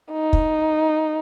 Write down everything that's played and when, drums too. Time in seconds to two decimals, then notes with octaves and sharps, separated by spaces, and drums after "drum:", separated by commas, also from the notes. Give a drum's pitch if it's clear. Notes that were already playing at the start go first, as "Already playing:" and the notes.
0.12 D#4
0.33 drum: kick